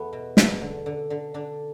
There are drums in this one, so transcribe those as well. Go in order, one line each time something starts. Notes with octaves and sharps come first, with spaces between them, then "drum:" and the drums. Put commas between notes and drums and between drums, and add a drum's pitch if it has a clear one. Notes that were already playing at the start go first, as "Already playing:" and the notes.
Already playing: E2 A3 B3
B2
E2, drum: snare
D3
D3
D3
D3 D4